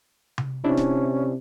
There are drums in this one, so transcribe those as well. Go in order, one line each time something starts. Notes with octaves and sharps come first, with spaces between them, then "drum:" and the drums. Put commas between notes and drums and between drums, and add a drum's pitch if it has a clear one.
drum: tom C3
C3 C#4 D4 E4
drum: snare D1